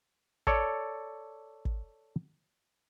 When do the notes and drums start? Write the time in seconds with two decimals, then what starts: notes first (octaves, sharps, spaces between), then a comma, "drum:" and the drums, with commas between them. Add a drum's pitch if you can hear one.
0.47 A4 C#5 D5, drum: kick
1.65 drum: kick